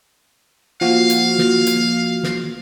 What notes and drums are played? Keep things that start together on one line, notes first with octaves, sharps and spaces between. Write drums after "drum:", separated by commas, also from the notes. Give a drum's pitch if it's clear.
F3 A#3 F#4 F5
drum: hi-hat
drum: snare
drum: hi-hat
drum: snare